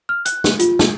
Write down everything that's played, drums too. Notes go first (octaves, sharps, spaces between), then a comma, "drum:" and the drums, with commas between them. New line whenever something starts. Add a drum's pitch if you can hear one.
F6
F#6, drum: hi-hat
drum: snare
F4, drum: hi-hat
drum: snare